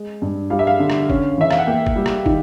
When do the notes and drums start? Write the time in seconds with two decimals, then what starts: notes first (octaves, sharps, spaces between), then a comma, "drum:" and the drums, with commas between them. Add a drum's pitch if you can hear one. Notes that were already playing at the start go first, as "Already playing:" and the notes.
Already playing: G#3
0.22 G2
0.50 G3 F5
0.59 E5
0.67 F5
0.80 D3
0.90 drum: rim click
1.10 C#4, drum: kick
1.38 E3 E5
1.51 F5, drum: rim click
1.59 F#5
1.66 A#3 G5
1.86 drum: kick
1.96 G3
2.06 drum: rim click
2.26 D#3, drum: kick